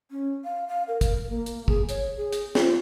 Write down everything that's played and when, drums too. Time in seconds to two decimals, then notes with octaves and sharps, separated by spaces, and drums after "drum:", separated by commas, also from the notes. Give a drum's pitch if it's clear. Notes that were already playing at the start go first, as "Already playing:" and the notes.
0.11 C#4
0.45 F5
0.68 F5
0.88 A#4
1.01 A#4, drum: kick, hi-hat
1.30 A#3
1.46 drum: hi-hat
1.68 G#4, drum: kick
1.89 C#5, drum: hi-hat
2.17 G#4
2.33 drum: hi-hat
2.55 F4, drum: snare